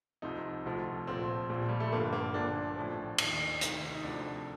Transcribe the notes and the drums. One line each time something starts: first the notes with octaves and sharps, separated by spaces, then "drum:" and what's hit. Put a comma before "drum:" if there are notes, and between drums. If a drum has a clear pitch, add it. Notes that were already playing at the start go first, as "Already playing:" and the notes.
C2 C3 F3 D#4
D2 C3 F3
A#1 A2 F3 C4
A#1 A#2 F3
G3
A3
G1 G2 D3 F3 A#3
A#3
A#1 A#2 F3 D4
A1 A2 F3
D#2 D#3, drum: cymbal
D2 C3 D#3, drum: hi-hat
D#4
D2 C3 F3 D4